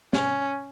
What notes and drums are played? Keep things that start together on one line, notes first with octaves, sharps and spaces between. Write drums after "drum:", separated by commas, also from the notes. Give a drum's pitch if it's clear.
C#4, drum: snare